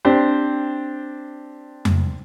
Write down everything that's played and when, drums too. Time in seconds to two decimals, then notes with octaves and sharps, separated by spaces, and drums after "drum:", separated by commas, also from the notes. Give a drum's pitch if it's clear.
0.05 C4 D4 G4 C5
1.85 drum: tom F2